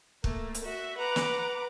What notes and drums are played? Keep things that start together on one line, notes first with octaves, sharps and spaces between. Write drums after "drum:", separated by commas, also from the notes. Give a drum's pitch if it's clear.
A3 A#3, drum: kick
drum: hi-hat
F#4 E5
B4 F#5 A#5 D6
drum: snare